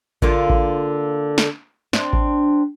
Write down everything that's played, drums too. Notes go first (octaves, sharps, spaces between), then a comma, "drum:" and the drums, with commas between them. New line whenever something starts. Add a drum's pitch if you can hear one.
D3 A#3 F4, drum: kick A1
drum: kick A1
drum: snare
C4 D4, drum: snare
drum: kick A1